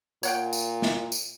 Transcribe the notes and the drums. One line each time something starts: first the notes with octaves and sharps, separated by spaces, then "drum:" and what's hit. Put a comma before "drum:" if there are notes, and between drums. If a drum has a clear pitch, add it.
A#2 C#5 F#5 G5, drum: tambourine
drum: tambourine
drum: snare
drum: tambourine